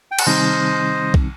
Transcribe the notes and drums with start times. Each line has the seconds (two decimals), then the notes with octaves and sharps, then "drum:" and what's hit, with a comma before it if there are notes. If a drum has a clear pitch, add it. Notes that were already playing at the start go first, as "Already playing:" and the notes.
0.12 G5
0.19 F#5, drum: cymbal
0.26 C3 D#3 G3 C4 D#4 C5 D#5
1.14 drum: kick